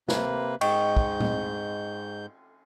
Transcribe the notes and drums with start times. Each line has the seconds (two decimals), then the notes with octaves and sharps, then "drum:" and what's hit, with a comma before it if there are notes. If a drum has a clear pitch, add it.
0.08 C3 A#3 B4, drum: snare
0.61 G#2 D#5 G5 C#6 G6, drum: cymbal
0.97 drum: kick
1.20 drum: tom A#2